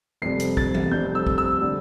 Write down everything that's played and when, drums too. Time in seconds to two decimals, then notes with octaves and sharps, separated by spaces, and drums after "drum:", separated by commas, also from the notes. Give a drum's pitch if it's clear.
0.22 F1 F2 C3 G3 C7
0.40 drum: hi-hat
0.57 A6, drum: kick
0.74 drum: tom E3
0.91 F1 F2 C3 G3 G6
1.15 E6
1.27 drum: kick
1.38 E6
1.61 D3 G3